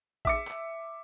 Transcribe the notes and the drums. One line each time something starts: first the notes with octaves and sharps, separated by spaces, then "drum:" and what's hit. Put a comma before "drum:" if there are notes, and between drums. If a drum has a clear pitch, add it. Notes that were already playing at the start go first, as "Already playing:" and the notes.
E5 D6 C#7, drum: kick A1
drum: clap